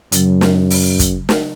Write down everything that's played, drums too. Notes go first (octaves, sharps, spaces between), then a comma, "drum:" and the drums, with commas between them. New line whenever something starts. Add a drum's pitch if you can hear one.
F#2 C#3 F#3, drum: hi-hat
drum: snare
drum: open hi-hat
drum: kick, hi-hat
drum: snare